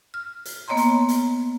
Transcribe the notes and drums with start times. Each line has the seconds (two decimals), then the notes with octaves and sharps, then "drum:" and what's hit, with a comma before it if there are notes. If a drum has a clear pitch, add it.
0.14 F6
0.45 drum: hi-hat
0.68 A#3 B3 C#5 D#5 A#5 C6
0.77 drum: hi-hat
1.09 drum: hi-hat